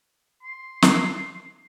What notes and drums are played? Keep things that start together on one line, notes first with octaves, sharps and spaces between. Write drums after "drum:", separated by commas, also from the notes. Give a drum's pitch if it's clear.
C6
drum: snare